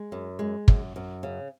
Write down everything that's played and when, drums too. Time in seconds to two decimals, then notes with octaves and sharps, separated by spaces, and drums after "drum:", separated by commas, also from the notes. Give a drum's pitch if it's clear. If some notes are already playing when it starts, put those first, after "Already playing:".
Already playing: G#3
0.12 F#2
0.39 G#3
0.68 F#2, drum: kick
0.96 F#2
1.23 C#3